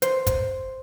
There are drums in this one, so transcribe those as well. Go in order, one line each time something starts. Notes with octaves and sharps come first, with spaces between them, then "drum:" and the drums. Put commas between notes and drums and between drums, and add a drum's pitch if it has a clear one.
C5, drum: hi-hat
drum: kick, hi-hat